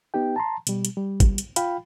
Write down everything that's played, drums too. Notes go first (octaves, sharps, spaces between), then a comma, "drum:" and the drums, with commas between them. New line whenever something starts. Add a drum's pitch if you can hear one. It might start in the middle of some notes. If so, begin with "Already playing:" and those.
B3 D#4 G4 G5
A5 A#5 C6
B2 G3, drum: hi-hat
drum: hi-hat
G3
drum: kick, hi-hat
drum: hi-hat
F4 F5 G5 B5, drum: hi-hat